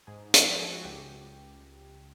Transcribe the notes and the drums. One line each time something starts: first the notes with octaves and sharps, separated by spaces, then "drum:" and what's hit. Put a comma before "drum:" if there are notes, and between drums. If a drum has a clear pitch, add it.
G#2 G#4
A4, drum: hi-hat
F3
G#4
F#4
C#2 G4